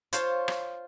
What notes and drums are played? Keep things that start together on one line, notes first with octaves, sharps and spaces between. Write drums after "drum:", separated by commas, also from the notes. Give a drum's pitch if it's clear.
F4 C5 C#5 A5, drum: hi-hat
drum: rim click